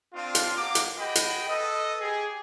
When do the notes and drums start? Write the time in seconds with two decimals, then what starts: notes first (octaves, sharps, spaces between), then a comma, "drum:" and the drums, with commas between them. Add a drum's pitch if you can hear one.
0.15 C4 D4 F4
0.35 drum: hi-hat
0.56 A#3 B3 D6
0.75 drum: hi-hat
0.98 F#4 G#4 D#5 G5 B5
1.15 drum: hi-hat
1.48 A4 B4 D#5
2.00 G4 G#4